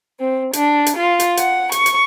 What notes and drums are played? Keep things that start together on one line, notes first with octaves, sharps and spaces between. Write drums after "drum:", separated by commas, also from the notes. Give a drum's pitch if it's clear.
C4
D4, drum: hi-hat
drum: hi-hat
F4
drum: hi-hat
F#5, drum: hi-hat
C#6, drum: hi-hat
drum: hi-hat